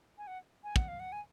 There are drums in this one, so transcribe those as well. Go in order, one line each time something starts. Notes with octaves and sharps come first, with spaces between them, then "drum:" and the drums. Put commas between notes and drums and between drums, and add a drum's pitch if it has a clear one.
G#5
F#5
G#5
F#5, drum: kick
F5
F#5
G#5